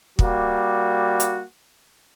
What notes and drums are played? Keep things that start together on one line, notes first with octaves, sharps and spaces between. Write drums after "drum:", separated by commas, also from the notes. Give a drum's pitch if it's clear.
G3 A#3 F#4, drum: kick
drum: hi-hat